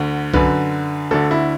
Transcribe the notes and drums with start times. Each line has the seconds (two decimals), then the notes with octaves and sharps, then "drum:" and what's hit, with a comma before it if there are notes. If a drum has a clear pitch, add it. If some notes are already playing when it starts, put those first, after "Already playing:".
Already playing: D2 D3
0.34 F#2 D3 B4, drum: kick B1
1.11 D2 D3 A4
1.31 E4